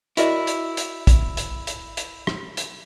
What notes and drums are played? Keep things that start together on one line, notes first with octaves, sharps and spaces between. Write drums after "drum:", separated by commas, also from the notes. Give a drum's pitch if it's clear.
E4 F#4 A#4 D5 D#5, drum: hi-hat
drum: hi-hat
drum: hi-hat
drum: kick, hi-hat
drum: hi-hat
drum: hi-hat
drum: hi-hat
drum: rim click
drum: hi-hat